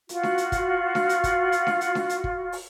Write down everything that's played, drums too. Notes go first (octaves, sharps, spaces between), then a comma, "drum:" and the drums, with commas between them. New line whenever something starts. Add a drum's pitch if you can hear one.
F4 F#4, drum: hi-hat
drum: snare D4
drum: hi-hat
drum: kick, hi-hat
drum: snare D4
drum: hi-hat
drum: kick, hi-hat
drum: hi-hat
drum: snare D4
drum: hi-hat
drum: snare D4
drum: hi-hat
drum: kick
drum: open hi-hat